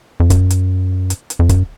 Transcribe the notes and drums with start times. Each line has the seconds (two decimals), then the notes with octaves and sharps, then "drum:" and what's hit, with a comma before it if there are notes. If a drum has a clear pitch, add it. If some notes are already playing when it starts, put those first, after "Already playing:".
0.20 F2
0.30 F#2, drum: kick C#1, hi-hat
0.50 drum: hi-hat
1.10 drum: hi-hat
1.30 drum: hi-hat
1.39 F2
1.49 F#2, drum: kick C#1, hi-hat